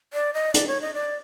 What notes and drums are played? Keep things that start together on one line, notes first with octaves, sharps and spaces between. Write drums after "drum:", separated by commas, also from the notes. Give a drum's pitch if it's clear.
D5
D#5
D5, drum: hi-hat
C#5
D#5
D5